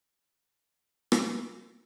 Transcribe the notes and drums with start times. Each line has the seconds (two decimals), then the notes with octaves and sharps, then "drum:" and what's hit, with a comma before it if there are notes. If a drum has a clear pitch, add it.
0.11 A#4
0.30 A#3 C4 G#5
1.12 drum: rim click